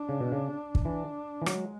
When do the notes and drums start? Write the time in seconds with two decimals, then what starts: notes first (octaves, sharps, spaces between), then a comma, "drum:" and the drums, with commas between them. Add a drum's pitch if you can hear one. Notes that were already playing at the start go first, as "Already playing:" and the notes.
Already playing: D4
0.09 C#3
0.20 B2
0.32 C#3
0.75 drum: kick
0.85 E3 D4
1.42 E3
1.46 F#3 G#3, drum: rim click